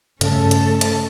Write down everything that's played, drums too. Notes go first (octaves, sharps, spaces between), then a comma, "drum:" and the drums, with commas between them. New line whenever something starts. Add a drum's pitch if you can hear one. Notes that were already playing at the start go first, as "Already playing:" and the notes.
G2 C#3 A3 C#4 A4, drum: hi-hat
drum: hi-hat
drum: hi-hat